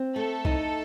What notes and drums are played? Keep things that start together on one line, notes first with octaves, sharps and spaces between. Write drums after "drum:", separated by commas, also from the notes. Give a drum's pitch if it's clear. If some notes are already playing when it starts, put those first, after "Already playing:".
Already playing: C4
A3 A4
D#4, drum: kick